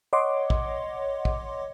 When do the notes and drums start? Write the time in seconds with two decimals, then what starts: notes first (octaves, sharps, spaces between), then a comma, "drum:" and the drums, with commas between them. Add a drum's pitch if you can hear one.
0.13 C#5 D#5 F#5 C6 D6
0.50 drum: kick
1.25 drum: kick